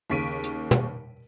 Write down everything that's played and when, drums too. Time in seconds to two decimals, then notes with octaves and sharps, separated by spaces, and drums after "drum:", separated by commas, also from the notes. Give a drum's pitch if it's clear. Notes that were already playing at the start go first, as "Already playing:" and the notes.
0.10 D#2 C#3 C#6 B6 D7 D#7
0.44 drum: hi-hat
0.71 drum: tom